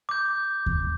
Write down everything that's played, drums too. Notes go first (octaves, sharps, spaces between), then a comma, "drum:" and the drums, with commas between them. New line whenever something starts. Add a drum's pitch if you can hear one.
D6 G6
drum: kick D#2